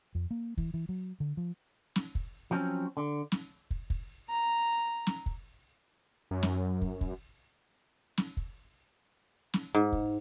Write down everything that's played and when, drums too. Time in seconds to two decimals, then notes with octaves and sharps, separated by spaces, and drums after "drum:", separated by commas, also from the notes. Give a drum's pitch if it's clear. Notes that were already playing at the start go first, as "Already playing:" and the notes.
0.15 F2
0.31 A#3
0.58 E3, drum: kick
0.74 E3
0.89 F#3
1.20 D3
1.37 F3
1.96 drum: snare
2.15 drum: kick
2.51 F3 F#3 C4 C#4
2.97 D3
3.32 drum: snare
3.71 drum: kick
3.90 drum: kick
4.30 A#5
5.07 drum: snare
5.26 drum: kick
6.31 F#2
6.43 drum: snare
6.81 drum: kick
7.01 drum: kick
8.18 drum: snare
8.37 drum: kick
9.54 drum: snare
9.75 G#2
9.92 drum: kick